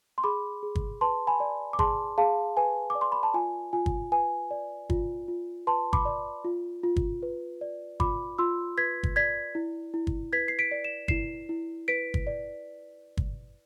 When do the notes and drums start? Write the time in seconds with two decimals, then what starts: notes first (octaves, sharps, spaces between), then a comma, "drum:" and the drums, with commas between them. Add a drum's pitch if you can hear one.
0.18 C6
0.24 G#4 B5 D6
0.63 G#4
0.75 drum: kick G1
1.01 B4 A5 C6
1.27 G#5 B5
1.40 D5
1.73 D6
1.79 G#4 A5 C6, drum: kick G1
2.18 G#4 F5 A5
2.57 B4 G#5
2.90 D6
2.95 D5
3.01 C6
3.12 B5
3.23 A5
3.34 F4 G#5
3.73 F4 G#5
3.86 drum: kick G1
4.12 B4 G#5
4.51 D5
4.90 F4, drum: kick G1
5.28 F4
5.67 B4 A5 C6
5.93 B5 D6, drum: kick G1
6.05 D5
6.45 F4
6.84 F4
6.96 drum: kick G1
7.23 B4
7.61 D5
8.00 F4 B5 D6, drum: kick G1
8.38 F4 C6 E6
8.78 B4 G#6 B6
9.03 drum: kick G1
9.16 D5 G#6 B6
9.55 E4
9.94 E4
10.07 drum: kick G1
10.33 B4 G#6 B6
10.48 C7
10.59 B6 D7
10.71 D5
10.84 E7
11.08 E4 C7 E7, drum: kick G1
11.49 E4
11.88 B4 B6 D7
12.14 drum: kick G1
12.27 D5
13.17 drum: kick G1